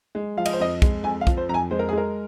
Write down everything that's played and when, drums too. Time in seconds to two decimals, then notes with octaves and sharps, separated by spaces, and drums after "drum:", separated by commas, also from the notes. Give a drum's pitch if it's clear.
0.15 G#3
0.37 F3 F5
0.46 D#5, drum: cymbal
0.53 C5
0.60 F2 D#5
0.82 G#3, drum: kick
1.04 F2 G#5
1.21 F5
1.27 F3, drum: kick
1.37 C5
1.49 F2 A#5
1.54 G#5
1.71 G#3 C5
1.79 A#4
1.89 G#4
1.93 G#3 A#4